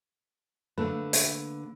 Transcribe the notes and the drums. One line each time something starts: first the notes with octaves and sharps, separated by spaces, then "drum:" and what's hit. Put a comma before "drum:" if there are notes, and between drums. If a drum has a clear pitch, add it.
D3 A3 A#3 A4 B4
drum: hi-hat